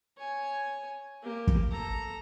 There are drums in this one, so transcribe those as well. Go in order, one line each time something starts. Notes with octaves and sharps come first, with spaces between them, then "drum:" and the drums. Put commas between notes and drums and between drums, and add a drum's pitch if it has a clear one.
C#5 G#5
A#3 G4
drum: kick
A4 A#5